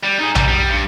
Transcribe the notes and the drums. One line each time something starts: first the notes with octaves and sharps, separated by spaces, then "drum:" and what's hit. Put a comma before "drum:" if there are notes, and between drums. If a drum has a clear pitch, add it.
G3
D#4 G#4
D3 G3, drum: tom A#1
G3
G2